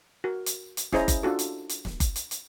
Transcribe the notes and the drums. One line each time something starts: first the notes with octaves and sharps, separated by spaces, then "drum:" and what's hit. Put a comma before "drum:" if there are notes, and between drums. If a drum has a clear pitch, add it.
F#4 A#4
drum: hi-hat
drum: hi-hat
C#4 E4 G#4 C5 D#5 A#5, drum: snare
drum: kick F#1, hi-hat
D4 F4 F#4 A4
drum: hi-hat
drum: hi-hat
drum: snare
drum: kick F#1, hi-hat
drum: hi-hat
drum: hi-hat